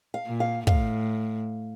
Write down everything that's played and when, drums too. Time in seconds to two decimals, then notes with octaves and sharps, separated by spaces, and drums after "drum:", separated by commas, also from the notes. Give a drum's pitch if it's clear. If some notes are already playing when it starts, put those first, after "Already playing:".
0.14 F5
0.27 A#2
0.40 F5
0.67 A2 F5, drum: kick